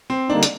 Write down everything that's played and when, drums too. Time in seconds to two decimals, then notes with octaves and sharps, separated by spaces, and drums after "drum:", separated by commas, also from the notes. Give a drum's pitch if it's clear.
0.10 C4
0.29 D3 G3 A#3 D4 D#4
0.43 drum: hi-hat